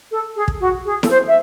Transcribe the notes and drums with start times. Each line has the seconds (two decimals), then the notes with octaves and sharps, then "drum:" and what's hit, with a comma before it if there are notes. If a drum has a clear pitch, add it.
0.11 A4
0.36 G#4
0.48 drum: kick
0.60 F#4
0.85 G#4
1.03 A4, drum: snare E4
1.10 C5
1.27 E5